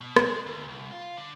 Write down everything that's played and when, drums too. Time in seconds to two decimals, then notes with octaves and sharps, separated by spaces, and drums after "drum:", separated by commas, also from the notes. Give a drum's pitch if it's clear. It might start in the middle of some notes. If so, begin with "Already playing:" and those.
0.01 B2
0.16 drum: rim click
0.26 G#3
0.46 D2
0.68 C2
0.92 F4
1.17 D3